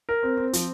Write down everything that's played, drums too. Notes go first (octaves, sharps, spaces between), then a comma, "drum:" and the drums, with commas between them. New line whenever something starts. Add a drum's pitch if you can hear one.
A#4
C4
C4
F3, drum: hi-hat